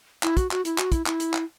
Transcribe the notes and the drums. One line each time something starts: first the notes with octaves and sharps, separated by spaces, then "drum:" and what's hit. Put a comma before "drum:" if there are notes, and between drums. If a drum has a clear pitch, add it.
E4, drum: clap
F#4, drum: kick, hi-hat
F#4, drum: clap
E4, drum: hi-hat
F#4, drum: clap
E4, drum: kick, hi-hat
E4, drum: clap
drum: hi-hat
drum: clap